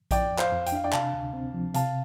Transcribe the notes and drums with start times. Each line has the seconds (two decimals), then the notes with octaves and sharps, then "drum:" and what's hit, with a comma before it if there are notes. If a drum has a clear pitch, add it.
0.11 F3 D5 G5, drum: kick A#1, hi-hat
0.31 F2
0.38 C5 F5, drum: clap
0.52 F2
0.66 G5, drum: hi-hat
0.72 D4 F5
0.84 D5 G5
0.93 C3 F5 A5, drum: clap
1.14 D2
1.33 C4
1.54 F3
1.74 C3 F5 A5, drum: hi-hat